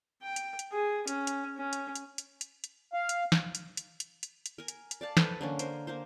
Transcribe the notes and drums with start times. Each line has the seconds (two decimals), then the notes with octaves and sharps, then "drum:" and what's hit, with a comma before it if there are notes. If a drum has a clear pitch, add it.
0.22 G5
0.36 drum: hi-hat
0.59 drum: hi-hat
0.72 G#4
1.08 C#4, drum: hi-hat
1.27 drum: hi-hat
1.57 C#4
1.73 drum: hi-hat
1.95 drum: hi-hat
2.18 drum: hi-hat
2.41 drum: hi-hat
2.64 drum: hi-hat
2.93 F5
3.09 drum: hi-hat
3.32 drum: snare
3.55 drum: hi-hat
3.77 drum: hi-hat
4.00 drum: hi-hat
4.23 drum: hi-hat
4.46 drum: hi-hat
4.58 A#4 G#5
4.68 drum: hi-hat
4.91 drum: hi-hat
5.01 D5 F5 A5
5.17 A4 B4 C5 F#5, drum: snare
5.41 D3 A#3 C#4
5.59 A#4 C5 G#5, drum: hi-hat
5.87 A#3 A#4 C5